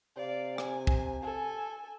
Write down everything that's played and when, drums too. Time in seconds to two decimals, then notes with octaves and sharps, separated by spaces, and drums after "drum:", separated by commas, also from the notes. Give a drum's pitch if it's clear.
0.17 C3 D5 F5
0.58 G#5, drum: rim click
0.87 drum: kick
1.23 A4 G#5